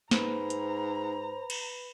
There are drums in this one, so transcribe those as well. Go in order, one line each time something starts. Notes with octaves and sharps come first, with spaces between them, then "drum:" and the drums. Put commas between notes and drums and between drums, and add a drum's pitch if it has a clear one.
G#2 B4 C5 A#5 B5, drum: snare
drum: hi-hat
drum: cymbal